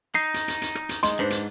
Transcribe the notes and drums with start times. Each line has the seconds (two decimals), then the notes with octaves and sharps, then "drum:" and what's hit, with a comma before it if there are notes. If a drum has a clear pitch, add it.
0.15 D#4 C7
0.34 drum: hi-hat
0.48 drum: hi-hat
0.62 drum: hi-hat
0.75 drum: rim click
0.89 drum: hi-hat
1.03 G#3 D#4 C6, drum: hi-hat
1.19 G#2 D4 B4 C5
1.30 drum: hi-hat